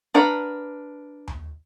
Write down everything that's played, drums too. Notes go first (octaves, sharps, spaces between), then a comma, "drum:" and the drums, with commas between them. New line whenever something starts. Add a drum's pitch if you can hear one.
D4 A#4 B4 F#5
drum: tom D#2